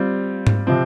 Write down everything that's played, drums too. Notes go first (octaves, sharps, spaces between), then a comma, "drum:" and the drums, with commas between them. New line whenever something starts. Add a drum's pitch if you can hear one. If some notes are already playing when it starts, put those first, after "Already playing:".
Already playing: G3 C4 F4
drum: tom G#2
C3 F3 C4